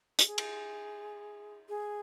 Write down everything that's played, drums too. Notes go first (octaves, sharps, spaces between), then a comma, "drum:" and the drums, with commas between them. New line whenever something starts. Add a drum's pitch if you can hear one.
F#4, drum: hi-hat
G#4
drum: cymbal
G#4